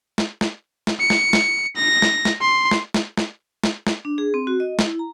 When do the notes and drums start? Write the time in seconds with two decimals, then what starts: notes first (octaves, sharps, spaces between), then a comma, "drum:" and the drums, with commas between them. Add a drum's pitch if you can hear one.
0.18 drum: snare
0.41 drum: snare
0.87 drum: snare
1.00 C#7
1.10 drum: snare
1.33 drum: snare
1.76 A#6
2.02 drum: snare
2.25 drum: snare
2.41 C6
2.71 drum: snare
2.94 drum: snare
3.17 drum: snare
3.64 drum: snare
3.87 drum: snare
4.05 D4
4.18 G#4
4.34 C4
4.47 F#4
4.60 D#5
4.79 E4, drum: snare
4.99 A#5